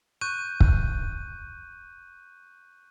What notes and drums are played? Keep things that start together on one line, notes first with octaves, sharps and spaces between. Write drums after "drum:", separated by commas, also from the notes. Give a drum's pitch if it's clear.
C#6 F#6 G6 D#7
drum: kick